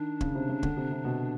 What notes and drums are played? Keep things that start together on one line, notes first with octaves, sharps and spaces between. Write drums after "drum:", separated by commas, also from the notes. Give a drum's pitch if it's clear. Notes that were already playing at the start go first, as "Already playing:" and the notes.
Already playing: D#3 D4
C#3, drum: kick
C3
C#3
D3, drum: kick
C3
C3
B2